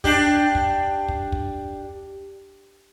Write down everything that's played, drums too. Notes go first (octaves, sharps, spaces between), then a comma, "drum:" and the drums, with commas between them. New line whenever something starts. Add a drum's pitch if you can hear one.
D4 G4, drum: kick
drum: kick
drum: kick
drum: kick